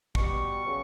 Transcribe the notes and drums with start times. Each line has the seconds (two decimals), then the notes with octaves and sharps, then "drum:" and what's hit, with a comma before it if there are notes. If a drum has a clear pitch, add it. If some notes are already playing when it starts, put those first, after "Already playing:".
0.15 B2 G3 C#6, drum: kick
0.65 C#3 F#3